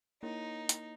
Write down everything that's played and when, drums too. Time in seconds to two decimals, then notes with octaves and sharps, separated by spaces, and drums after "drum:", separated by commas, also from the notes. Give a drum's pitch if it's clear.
0.23 A#3 D#4 E4 A#4 C#5
0.69 drum: hi-hat